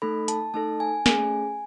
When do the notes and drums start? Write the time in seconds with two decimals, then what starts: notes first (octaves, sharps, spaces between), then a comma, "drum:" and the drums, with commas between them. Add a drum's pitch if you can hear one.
0.02 A3 D#4 A4 B5
0.28 A5, drum: hi-hat
0.54 A3 D#4 A4 A5
0.80 G#5
1.06 A3 C#4 G#4 G#5, drum: snare